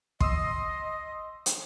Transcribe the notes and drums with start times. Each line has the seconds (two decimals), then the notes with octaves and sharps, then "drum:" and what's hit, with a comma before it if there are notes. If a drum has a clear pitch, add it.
0.20 D#5 C6 D#6 E6, drum: kick
1.46 drum: hi-hat